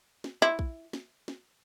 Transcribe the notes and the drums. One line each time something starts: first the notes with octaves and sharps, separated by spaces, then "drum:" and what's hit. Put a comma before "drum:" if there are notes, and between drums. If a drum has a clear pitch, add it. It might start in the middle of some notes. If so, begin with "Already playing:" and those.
drum: snare
E4
drum: kick A#1
drum: snare
drum: snare